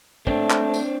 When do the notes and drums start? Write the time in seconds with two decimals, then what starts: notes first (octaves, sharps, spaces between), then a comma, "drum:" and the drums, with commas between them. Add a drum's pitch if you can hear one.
0.27 A3 C4 D4, drum: kick
0.50 drum: clap
0.74 drum: tambourine